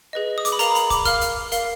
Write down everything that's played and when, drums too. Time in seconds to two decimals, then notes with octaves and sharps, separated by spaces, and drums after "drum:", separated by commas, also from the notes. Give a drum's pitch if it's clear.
0.13 G#4 B4 D#5
0.38 D#6
0.45 D6, drum: hi-hat
0.52 B5
0.59 A#4 F5 A#5, drum: hi-hat
0.75 B5, drum: hi-hat
0.90 D6, drum: kick, hi-hat
1.05 A#4 F5 F6, drum: kick, hi-hat
1.21 drum: hi-hat
1.52 A#4 F5, drum: hi-hat